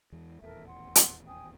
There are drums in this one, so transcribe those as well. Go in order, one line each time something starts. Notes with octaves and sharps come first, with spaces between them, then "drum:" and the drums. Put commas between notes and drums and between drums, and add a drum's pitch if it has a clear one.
E2 E3 G#3
D#1 A1 E2 A4 A#4 E5
F#5 C6
drum: hi-hat
G5 G#5 D#6